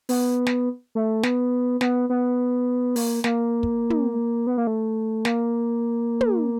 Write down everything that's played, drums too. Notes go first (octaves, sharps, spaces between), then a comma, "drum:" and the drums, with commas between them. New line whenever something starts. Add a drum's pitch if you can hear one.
B3, drum: open hi-hat
drum: snare
A3
B3, drum: snare
B3, drum: snare
B3
A#3, drum: open hi-hat
A#3, drum: snare
drum: kick
drum: tom
B3
A#3
A3
A#3, drum: snare
drum: tom